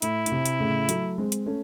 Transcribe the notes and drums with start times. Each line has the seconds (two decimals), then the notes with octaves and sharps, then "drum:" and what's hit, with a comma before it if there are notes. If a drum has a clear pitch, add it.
0.02 A2 E4, drum: hi-hat
0.26 A2, drum: hi-hat
0.32 C3
0.46 drum: hi-hat
0.60 A2 C#3
0.89 F#3 A3, drum: hi-hat
1.18 G#3 C4
1.32 drum: hi-hat
1.46 A3 C#4